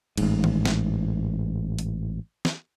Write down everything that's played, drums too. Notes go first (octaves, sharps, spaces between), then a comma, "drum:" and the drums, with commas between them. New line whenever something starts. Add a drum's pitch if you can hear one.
A1 G#2, drum: cymbal
drum: tom D#3
drum: snare
drum: hi-hat
drum: snare